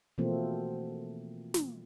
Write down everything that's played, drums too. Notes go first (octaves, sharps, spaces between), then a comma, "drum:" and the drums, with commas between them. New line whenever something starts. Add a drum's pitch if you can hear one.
B2 E3 F3 A3 A#3 C4
drum: snare